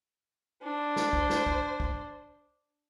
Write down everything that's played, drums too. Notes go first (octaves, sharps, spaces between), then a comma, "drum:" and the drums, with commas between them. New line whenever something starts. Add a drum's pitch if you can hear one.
D4 C5
drum: snare
drum: kick
drum: snare
drum: kick
drum: kick